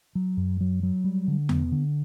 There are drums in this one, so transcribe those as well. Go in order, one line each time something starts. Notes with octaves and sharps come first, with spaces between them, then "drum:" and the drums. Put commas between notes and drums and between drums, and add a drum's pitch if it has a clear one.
F#3
F#2
F#3
F#3
G3
D3
B3, drum: tom E2
D3